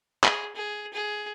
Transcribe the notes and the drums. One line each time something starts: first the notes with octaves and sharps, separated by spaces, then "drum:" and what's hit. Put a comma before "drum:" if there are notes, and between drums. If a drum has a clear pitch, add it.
G#4, drum: clap
G#4
G#4